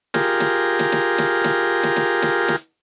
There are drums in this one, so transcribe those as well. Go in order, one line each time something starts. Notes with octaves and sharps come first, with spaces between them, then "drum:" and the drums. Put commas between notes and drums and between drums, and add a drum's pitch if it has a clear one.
F4 G4 G#4 A#4, drum: snare
drum: snare
drum: snare
drum: snare
drum: snare
drum: snare
drum: snare
drum: snare
drum: snare
drum: snare